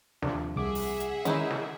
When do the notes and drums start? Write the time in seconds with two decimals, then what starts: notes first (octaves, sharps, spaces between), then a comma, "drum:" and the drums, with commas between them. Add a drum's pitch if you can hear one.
0.22 D#2 C3 F3 D4, drum: snare
0.56 C2 G#4 E5 F#5 D6
0.75 drum: open hi-hat
1.00 drum: hi-hat
1.25 D#3 E3 G#3 C#4 D#4 E4, drum: hi-hat
1.51 drum: snare